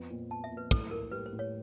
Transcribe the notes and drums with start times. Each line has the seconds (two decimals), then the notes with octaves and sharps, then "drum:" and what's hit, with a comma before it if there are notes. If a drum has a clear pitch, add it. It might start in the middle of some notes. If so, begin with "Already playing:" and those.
Already playing: F2 B3
0.10 A#2
0.30 B3 A5
0.44 E5
0.51 A#2
0.57 B4
0.71 A2 A4, drum: kick
0.91 A2 A#4
1.11 G3 B4
1.26 C5
1.33 A2
1.39 C#5